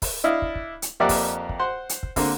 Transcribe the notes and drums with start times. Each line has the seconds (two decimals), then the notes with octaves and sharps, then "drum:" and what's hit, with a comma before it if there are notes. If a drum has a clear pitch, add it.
0.02 drum: kick, open hi-hat
0.24 D4 E4 D#5 F5
0.42 drum: kick
0.55 drum: kick
0.82 drum: hi-hat
1.00 F2 A#3 G4 D5 E5 F#5
1.09 drum: kick, open hi-hat
1.49 drum: kick
1.60 C5 F#5 C6
1.89 drum: hi-hat
2.03 drum: kick
2.16 D3 A#3 C4, drum: kick, open hi-hat